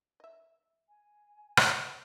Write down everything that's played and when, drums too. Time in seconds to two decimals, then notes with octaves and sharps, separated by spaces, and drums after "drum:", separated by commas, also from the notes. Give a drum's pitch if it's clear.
0.20 D#5 E5
0.88 G#5
1.57 drum: rim click